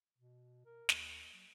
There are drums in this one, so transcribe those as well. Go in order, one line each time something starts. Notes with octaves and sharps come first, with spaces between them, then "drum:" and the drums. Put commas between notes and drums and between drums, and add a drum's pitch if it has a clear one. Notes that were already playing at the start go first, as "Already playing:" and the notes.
B2
A#4
D#2, drum: snare
F#3